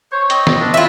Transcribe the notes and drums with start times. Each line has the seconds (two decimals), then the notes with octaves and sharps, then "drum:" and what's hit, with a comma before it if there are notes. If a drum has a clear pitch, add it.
0.12 C5 C#5
0.30 C4 D#5, drum: hi-hat
0.47 drum: snare
0.60 D4
0.74 E4 F4 E5